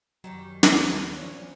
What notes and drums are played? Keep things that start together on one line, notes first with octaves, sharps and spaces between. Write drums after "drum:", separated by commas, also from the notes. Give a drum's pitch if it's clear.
F#2 D#3 F#3 C#4 G4
D#2 F3, drum: snare
A#2 F3 C#4 F#4 C#5